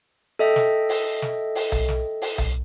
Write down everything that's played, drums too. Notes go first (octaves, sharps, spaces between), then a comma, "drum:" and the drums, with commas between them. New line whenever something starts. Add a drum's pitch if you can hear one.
A4 D#5 E5 G5
drum: snare
drum: open hi-hat
drum: snare
drum: open hi-hat
drum: tom B1
drum: snare
drum: open hi-hat
drum: tom B1